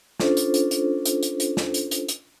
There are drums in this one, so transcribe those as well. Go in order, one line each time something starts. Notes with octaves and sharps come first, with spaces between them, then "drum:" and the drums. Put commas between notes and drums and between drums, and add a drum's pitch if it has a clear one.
C#4 D4 F4 A4 C5, drum: snare
drum: hi-hat
drum: hi-hat
drum: hi-hat
drum: hi-hat
drum: hi-hat
drum: hi-hat
drum: snare
drum: hi-hat
drum: hi-hat
drum: hi-hat